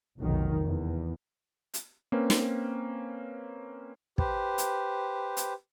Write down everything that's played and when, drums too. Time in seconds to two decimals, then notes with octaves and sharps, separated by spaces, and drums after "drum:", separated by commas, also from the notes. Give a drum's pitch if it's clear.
0.20 F1 B1 D#3
0.63 E2
1.74 drum: hi-hat
2.12 A#3 C4 C#4 B4
2.30 drum: snare
4.18 G4 B4 C5, drum: kick
4.58 drum: hi-hat
5.37 drum: hi-hat